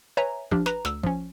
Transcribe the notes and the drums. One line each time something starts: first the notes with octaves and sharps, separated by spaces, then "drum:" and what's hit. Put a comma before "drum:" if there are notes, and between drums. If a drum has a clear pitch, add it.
B4 C#5 E5 G#5 A#5
F3 D4 G4 F6, drum: kick
B4 A#5, drum: snare
D2 E6, drum: snare
F3 C#4, drum: kick